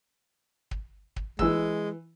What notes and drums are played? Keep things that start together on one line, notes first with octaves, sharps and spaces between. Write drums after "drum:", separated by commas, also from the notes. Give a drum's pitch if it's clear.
drum: kick
drum: kick
E3 G#3 E6, drum: kick